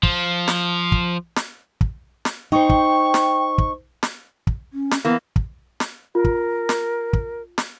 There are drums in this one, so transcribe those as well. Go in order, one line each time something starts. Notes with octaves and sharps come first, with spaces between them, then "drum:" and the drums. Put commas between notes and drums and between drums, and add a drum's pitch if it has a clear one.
F3, drum: kick
drum: snare
drum: kick
drum: snare
drum: kick
drum: snare
D#4 C5 G5 C#6
drum: kick
drum: snare
drum: kick
drum: snare
drum: kick
C#4
drum: snare
E3 A#3 B3
drum: kick
drum: snare
F4 A#4
drum: kick
drum: snare
drum: kick
drum: snare